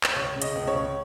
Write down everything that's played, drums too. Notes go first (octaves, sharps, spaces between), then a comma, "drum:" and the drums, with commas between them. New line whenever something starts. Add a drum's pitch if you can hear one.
drum: clap
C#2 C#5
C#3
D#5, drum: hi-hat
C#2
C#5
C#2